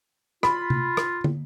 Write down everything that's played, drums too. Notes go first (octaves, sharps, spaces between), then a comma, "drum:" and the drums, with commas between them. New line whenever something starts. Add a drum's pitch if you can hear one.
F4 B5, drum: rim click
drum: tom C3
drum: rim click
drum: tom